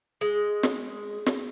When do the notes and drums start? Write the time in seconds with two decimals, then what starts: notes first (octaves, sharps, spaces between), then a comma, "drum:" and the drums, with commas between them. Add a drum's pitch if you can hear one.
0.21 G#3
0.63 drum: snare
1.26 drum: snare